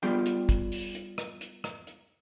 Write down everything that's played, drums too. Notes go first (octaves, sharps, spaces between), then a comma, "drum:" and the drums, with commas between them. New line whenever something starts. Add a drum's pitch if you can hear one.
G3 B3 F4 G#4 D5 G5
drum: hi-hat
drum: kick, hi-hat
drum: open hi-hat
drum: hi-hat
drum: rim click
drum: hi-hat
drum: rim click
drum: hi-hat